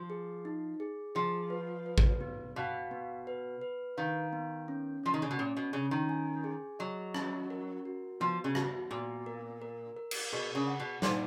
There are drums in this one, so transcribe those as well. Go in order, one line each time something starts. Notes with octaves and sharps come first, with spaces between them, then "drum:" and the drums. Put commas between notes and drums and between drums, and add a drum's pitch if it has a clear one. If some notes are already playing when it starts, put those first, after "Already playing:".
Already playing: F3
G#4
D#4
G#4
F3 G#4
B4
B4
drum: kick
B3
B2 F5
B3
B4
B4
D#3 F5
B3
C#4
F3 C#4
D#3
C#3
B2
A#2 C#4
B2
C#3 C#4
D#3
G#5
G#4
F#3 D#5
C#4, drum: rim click
A#4
F#4
F3 B3
C#3
F#4, drum: rim click
A#2 B3
A#4
A#4
A#4
drum: cymbal
B2 G#4
C#3
F#5
B2
A#2 D#4, drum: snare